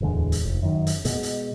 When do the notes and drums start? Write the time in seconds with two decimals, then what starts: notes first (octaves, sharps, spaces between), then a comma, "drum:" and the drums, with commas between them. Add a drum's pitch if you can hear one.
0.01 D1 E2 D3 G#3
0.32 drum: hi-hat
0.44 F1
0.62 F#2 D#3
0.87 drum: hi-hat
1.05 B2 G#3, drum: hi-hat
1.23 drum: hi-hat